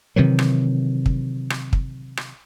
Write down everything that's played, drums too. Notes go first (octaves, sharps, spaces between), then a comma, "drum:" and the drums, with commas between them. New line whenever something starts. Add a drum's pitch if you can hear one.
C3 D#3 E3 F#3
drum: rim click
drum: kick
drum: rim click
drum: kick
drum: rim click